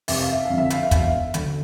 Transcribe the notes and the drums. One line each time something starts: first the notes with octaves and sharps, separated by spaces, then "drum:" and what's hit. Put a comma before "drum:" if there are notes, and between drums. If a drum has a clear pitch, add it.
F1 E5, drum: open hi-hat
F5
E5
F2 D3 F5
E5
F5, drum: hi-hat
E5
E1 F5, drum: kick, hi-hat
E5
D2 D3, drum: hi-hat